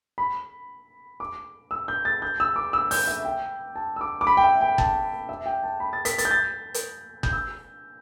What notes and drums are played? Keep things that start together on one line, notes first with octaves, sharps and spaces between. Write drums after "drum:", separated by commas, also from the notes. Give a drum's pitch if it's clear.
B5
D6
E6
G6
A6
G6
E6
D6
E6
G6, drum: open hi-hat
E5
G5
A5
E6
D6
D6
B5
G5
E5
G5
A5, drum: kick
E5
G5
A5
B5
A6
B6, drum: hi-hat
A6, drum: hi-hat
G6
A6
drum: hi-hat
G6, drum: kick
E6